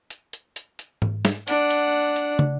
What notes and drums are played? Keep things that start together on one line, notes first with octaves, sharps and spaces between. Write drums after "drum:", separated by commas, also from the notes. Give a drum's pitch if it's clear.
drum: hi-hat
drum: hi-hat
drum: hi-hat
drum: hi-hat
drum: tom G#2
drum: snare
D4 F#5, drum: hi-hat
drum: hi-hat
drum: hi-hat
drum: tom